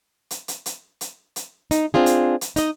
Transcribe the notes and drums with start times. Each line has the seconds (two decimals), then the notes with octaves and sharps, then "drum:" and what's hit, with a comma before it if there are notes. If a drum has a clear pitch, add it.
0.31 drum: hi-hat
0.48 drum: hi-hat
0.66 drum: hi-hat
1.01 drum: hi-hat
1.36 drum: hi-hat
1.71 D#4, drum: hi-hat
1.94 C4 D4 F4 G#4
2.06 drum: hi-hat
2.41 drum: hi-hat
2.56 D#4 D#5, drum: hi-hat